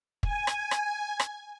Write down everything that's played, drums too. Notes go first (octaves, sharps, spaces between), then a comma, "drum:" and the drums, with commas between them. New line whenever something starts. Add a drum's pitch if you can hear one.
G#5, drum: kick
drum: rim click
drum: rim click
drum: rim click